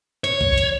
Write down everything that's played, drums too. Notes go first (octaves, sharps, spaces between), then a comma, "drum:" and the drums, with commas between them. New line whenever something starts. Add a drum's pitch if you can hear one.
C#5, drum: hi-hat
drum: kick B1
drum: hi-hat